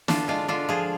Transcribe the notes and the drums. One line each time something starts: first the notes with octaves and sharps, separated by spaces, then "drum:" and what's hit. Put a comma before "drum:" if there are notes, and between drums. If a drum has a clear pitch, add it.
D3 D4 F4, drum: snare
G#3 D4 F4
D3 D4 F4
F3 F4 G#4